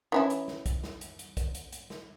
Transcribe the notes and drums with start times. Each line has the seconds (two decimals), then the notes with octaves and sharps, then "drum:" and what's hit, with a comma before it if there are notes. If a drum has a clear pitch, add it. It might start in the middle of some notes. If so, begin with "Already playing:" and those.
0.12 E3 C#4 E4
0.30 drum: hi-hat
0.48 drum: snare
0.66 drum: kick, hi-hat
0.83 drum: snare
1.01 drum: hi-hat
1.19 drum: hi-hat
1.37 drum: kick, hi-hat
1.55 drum: hi-hat
1.72 drum: hi-hat
1.90 drum: snare